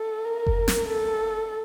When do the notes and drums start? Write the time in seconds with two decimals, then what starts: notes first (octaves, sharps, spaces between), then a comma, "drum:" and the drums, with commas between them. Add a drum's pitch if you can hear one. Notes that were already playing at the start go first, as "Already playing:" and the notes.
Already playing: A4
0.26 A#4
0.47 drum: kick F#1
0.68 drum: snare
0.89 A4